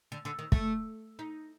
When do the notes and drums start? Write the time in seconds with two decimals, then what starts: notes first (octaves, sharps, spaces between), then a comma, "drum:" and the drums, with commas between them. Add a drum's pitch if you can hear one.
0.12 D3
0.25 D3
0.39 D#3
0.52 A3, drum: kick
1.19 D#4